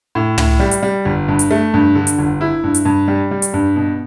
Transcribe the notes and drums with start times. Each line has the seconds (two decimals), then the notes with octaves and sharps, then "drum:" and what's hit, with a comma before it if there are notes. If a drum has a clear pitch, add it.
0.15 A2
0.38 A2, drum: tom
0.60 G3
0.71 drum: hi-hat
0.83 G3
1.05 G1
1.28 G2
1.39 drum: hi-hat
1.51 A3
1.74 G2
1.95 D3
2.07 drum: hi-hat
2.18 G1
2.41 E4
2.64 G2
2.75 drum: hi-hat
2.85 G2
3.08 G3
3.31 G3
3.42 drum: hi-hat
3.54 G2
3.76 B2